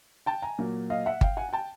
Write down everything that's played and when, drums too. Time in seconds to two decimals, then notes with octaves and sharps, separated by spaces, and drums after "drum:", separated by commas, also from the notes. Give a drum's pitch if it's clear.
0.26 G5 A5
0.42 G#5 A#5
0.58 A#2 F#3 A#3
0.90 D#5 F5
1.06 E5 F#5
1.21 F5 G5, drum: kick G1
1.37 F#5 G#5
1.49 G#5
1.53 G5 A5